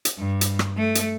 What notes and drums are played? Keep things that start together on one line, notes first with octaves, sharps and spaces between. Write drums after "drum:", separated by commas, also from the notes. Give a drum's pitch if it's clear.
drum: hi-hat
G2
drum: hi-hat
drum: rim click
A3
drum: hi-hat